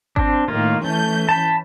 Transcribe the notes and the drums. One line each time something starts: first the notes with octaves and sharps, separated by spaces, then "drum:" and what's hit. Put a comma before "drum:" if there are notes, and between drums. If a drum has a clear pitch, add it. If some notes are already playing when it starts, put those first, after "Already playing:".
C4 D4, drum: kick G#1
A2 D#3 A#3 F4
E3 A3 C#4 G6
A5 B5